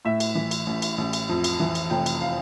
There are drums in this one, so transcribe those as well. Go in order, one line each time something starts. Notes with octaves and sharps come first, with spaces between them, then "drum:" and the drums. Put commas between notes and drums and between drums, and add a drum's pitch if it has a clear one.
A2 E5
drum: cymbal
E3
drum: cymbal
A1
drum: cymbal
A1
drum: cymbal
F2
drum: cymbal
E3
drum: cymbal
F1 G5
drum: cymbal
F5